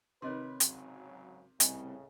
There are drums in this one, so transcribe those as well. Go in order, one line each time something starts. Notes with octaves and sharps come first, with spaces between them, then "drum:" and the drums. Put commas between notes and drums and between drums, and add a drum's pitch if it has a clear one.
C3 D#3 B4 C#5 D#5 C6
G#1 C#3 F#3, drum: hi-hat
C2 A2 C#3 D#5 G5 G#5, drum: hi-hat